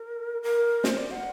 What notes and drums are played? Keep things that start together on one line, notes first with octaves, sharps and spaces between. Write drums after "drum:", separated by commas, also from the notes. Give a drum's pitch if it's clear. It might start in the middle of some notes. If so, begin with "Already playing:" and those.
Already playing: A#4
A#4
C5, drum: snare
D5
F#5